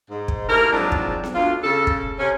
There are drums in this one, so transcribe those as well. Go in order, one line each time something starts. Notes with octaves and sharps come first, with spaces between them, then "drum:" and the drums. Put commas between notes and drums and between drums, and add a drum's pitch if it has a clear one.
G#2
drum: kick
A3 A#3 E4 G4 A#4
G#2 F3 F#3 G#3 C4 D4
drum: kick
drum: snare B3
D2 F4
C#3 A4
drum: kick
C3 C#4